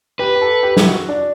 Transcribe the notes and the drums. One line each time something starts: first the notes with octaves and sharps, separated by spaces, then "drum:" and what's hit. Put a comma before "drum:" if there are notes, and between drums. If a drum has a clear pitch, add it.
G4 B4
G4
A4
G4
E4, drum: snare
F#4
D4